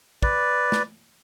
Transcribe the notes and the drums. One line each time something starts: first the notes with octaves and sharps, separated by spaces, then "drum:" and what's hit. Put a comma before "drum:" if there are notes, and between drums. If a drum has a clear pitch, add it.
B4 D5, drum: kick
drum: snare